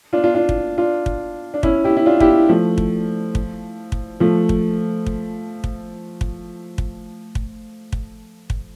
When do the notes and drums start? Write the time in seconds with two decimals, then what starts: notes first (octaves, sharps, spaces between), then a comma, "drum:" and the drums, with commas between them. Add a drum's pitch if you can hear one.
0.13 D4 F4
0.24 D4 F4
0.35 D4 F4
0.49 drum: kick
0.78 D4 F4
1.06 drum: kick
1.54 D4
1.63 C#4 E4, drum: kick
1.84 E4 G4
1.97 E4
2.06 D4 F4
2.20 E4 G4, drum: kick
2.49 F3 A3
2.78 drum: kick
3.35 drum: kick
3.92 drum: kick
4.20 F3 A3
4.49 drum: kick
5.06 drum: kick
5.64 drum: kick
6.21 drum: kick
6.78 drum: kick
7.35 drum: kick
7.93 drum: kick
8.50 drum: kick